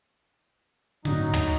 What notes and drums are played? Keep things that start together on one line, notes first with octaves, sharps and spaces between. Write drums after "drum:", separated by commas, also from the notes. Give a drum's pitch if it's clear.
G1 A2 D3 F#3 D#4, drum: snare
drum: tom